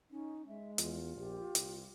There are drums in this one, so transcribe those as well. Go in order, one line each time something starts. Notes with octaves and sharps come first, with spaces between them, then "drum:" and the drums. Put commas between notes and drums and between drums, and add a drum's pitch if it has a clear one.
C#4 D#4
G#3 E5
E2 F4, drum: hi-hat
A#1 G4
C2, drum: hi-hat